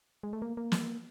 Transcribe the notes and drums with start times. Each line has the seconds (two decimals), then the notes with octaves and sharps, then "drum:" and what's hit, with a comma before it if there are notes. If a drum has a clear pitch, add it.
0.23 G#3
0.33 A3
0.42 A#3
0.57 A#3
0.72 drum: snare